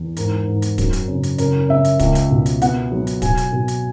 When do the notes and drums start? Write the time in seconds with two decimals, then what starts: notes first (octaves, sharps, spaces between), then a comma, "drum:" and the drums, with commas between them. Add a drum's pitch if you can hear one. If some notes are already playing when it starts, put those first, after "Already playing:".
Already playing: E2
0.17 G#2 A#4, drum: hi-hat
0.47 G#2
0.62 drum: hi-hat
0.78 F#2, drum: kick, hi-hat
0.93 drum: hi-hat
1.08 C#3
1.23 drum: hi-hat
1.38 C#3 A#4, drum: hi-hat
1.69 C#3 E5
1.85 drum: hi-hat
2.00 C#2, drum: kick, hi-hat
2.15 drum: hi-hat
2.31 B2
2.46 drum: hi-hat
2.62 B3 F#5, drum: hi-hat
2.92 F#3
3.07 drum: hi-hat
3.22 B2 G#5, drum: kick, hi-hat
3.38 drum: hi-hat
3.53 B2
3.68 drum: hi-hat